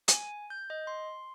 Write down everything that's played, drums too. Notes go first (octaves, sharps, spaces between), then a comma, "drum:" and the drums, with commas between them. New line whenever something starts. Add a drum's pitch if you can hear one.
G#5, drum: hi-hat
G6
D#5
C6